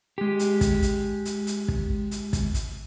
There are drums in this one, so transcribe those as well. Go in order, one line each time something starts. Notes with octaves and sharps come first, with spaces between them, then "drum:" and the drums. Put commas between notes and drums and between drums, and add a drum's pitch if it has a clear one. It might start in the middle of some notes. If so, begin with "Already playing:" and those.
G#3 G4
drum: hi-hat
drum: kick, hi-hat
drum: hi-hat
drum: hi-hat
drum: hi-hat
drum: kick
drum: hi-hat
drum: kick, hi-hat
drum: hi-hat